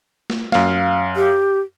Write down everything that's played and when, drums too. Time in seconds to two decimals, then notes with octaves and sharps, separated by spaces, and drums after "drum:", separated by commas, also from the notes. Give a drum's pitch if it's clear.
0.30 drum: snare
0.52 F#2 F5, drum: snare
1.16 G4